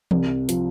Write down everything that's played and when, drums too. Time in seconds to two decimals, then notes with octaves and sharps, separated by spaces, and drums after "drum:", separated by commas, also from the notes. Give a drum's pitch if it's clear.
0.11 C2, drum: tom E3
0.49 F3, drum: hi-hat